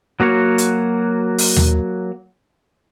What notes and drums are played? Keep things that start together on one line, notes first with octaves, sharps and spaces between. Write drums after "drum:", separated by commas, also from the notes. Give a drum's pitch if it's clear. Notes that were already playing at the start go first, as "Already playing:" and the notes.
F#3 A#3 F#4 C#5
drum: hi-hat
drum: open hi-hat
drum: tom D#2